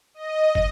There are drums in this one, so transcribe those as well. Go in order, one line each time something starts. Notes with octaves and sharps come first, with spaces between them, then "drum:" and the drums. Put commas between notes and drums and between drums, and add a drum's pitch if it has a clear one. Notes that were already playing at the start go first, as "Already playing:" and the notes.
D#5
drum: kick